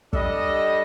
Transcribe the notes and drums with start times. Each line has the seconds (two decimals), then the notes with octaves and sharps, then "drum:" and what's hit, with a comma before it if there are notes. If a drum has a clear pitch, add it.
0.13 G3 D4 A4 D#5, drum: kick